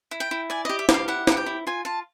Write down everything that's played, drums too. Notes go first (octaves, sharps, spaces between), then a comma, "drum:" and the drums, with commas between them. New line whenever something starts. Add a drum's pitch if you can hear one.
E4
G5
E4
D5 G#5
G4 D#5
E5
G4, drum: snare
F5
E4 F#5
G4 F#5, drum: snare
G5
E4
F4 G#5
F4 A5